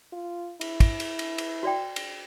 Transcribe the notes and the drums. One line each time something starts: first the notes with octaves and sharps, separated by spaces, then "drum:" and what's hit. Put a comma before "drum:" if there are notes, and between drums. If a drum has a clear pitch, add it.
F4
E4, drum: cymbal
drum: kick, cymbal
drum: cymbal
drum: cymbal
drum: cymbal
F#4 D5 G5
drum: cymbal